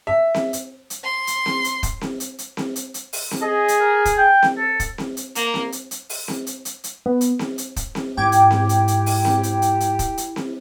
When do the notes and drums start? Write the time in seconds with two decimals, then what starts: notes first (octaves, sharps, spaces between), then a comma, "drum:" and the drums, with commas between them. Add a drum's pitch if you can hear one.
0.07 E5
0.34 drum: snare C4
0.53 drum: hi-hat
0.90 drum: hi-hat
1.04 C6
1.27 drum: hi-hat
1.46 drum: snare C4
1.64 drum: hi-hat
1.83 drum: kick, hi-hat
2.01 drum: snare C4
2.20 drum: hi-hat
2.38 drum: hi-hat
2.57 drum: snare C4
2.76 drum: hi-hat
2.94 drum: hi-hat
3.13 drum: open hi-hat
3.31 drum: snare C4
3.42 G#4 D#5
3.68 drum: hi-hat
3.80 A#4
4.05 drum: kick, hi-hat
4.18 G5
4.43 drum: snare C4
4.58 A4
4.80 drum: kick, hi-hat
4.98 drum: snare C4
5.17 drum: hi-hat
5.35 A#3, drum: hi-hat
5.54 drum: snare C4
5.72 drum: hi-hat
5.91 drum: hi-hat
6.09 drum: open hi-hat
6.28 drum: snare C4
6.47 drum: hi-hat
6.65 drum: hi-hat
6.84 drum: hi-hat
7.06 B3
7.21 drum: hi-hat
7.39 drum: snare C4
7.58 drum: hi-hat
7.76 drum: kick, hi-hat
7.95 drum: snare C4
8.17 G#2 E4 G4 G5 D6 G#6
8.32 drum: hi-hat
8.51 drum: snare C4
8.69 drum: hi-hat
8.88 drum: hi-hat
9.06 drum: open hi-hat
9.25 drum: snare C4
9.43 drum: hi-hat
9.62 drum: hi-hat
9.80 drum: hi-hat
9.99 drum: kick, hi-hat
10.18 drum: hi-hat
10.36 drum: snare C4